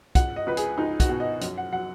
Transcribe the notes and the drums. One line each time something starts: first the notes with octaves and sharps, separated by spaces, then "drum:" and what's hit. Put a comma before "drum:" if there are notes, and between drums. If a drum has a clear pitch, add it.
C#2 F#5, drum: kick, hi-hat
D#5
C#2 B4
G#4, drum: hi-hat
C#2 D#4
F#4, drum: kick, hi-hat
B2
D#5
F#2, drum: hi-hat
F#5
F#3 F#5